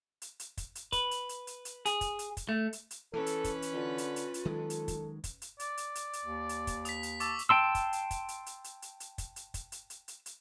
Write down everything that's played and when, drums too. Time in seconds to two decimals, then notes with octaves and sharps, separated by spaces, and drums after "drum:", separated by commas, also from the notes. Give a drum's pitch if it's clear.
0.22 drum: hi-hat
0.40 drum: hi-hat
0.57 drum: kick, hi-hat
0.75 drum: hi-hat
0.92 B4, drum: kick, hi-hat
1.11 drum: hi-hat
1.29 drum: hi-hat
1.47 drum: hi-hat
1.65 drum: hi-hat
1.86 G#4, drum: hi-hat
2.01 drum: kick, hi-hat
2.19 drum: hi-hat
2.37 drum: kick, hi-hat
2.49 A3
2.73 drum: hi-hat
2.91 drum: hi-hat
3.13 E3 C#4 A4 B4
3.26 drum: hi-hat
3.44 drum: kick, hi-hat
3.62 drum: hi-hat
3.73 D3 F4
3.98 drum: hi-hat
4.16 drum: hi-hat
4.34 drum: hi-hat
4.45 D#3 F#3 G#3 A4
4.70 drum: hi-hat
4.88 drum: kick, hi-hat
5.24 drum: kick, hi-hat
5.42 drum: hi-hat
5.60 D5, drum: hi-hat
5.77 drum: hi-hat
5.95 drum: hi-hat
6.13 drum: hi-hat
6.24 D#2
6.49 drum: hi-hat
6.67 drum: kick, hi-hat
6.85 D#6 B6, drum: hi-hat
7.03 drum: hi-hat
7.20 A5 C#6 D6 E6, drum: hi-hat
7.39 drum: hi-hat
7.49 G5 A5 C6 E6
7.75 drum: kick, hi-hat
7.93 drum: hi-hat
8.11 drum: kick, hi-hat
8.28 drum: hi-hat
8.46 drum: hi-hat
8.64 drum: hi-hat
8.82 drum: hi-hat
9.00 drum: hi-hat
9.18 drum: kick, hi-hat
9.36 drum: hi-hat
9.54 drum: kick, hi-hat
9.72 drum: hi-hat
9.90 drum: hi-hat
10.08 drum: hi-hat
10.26 drum: hi-hat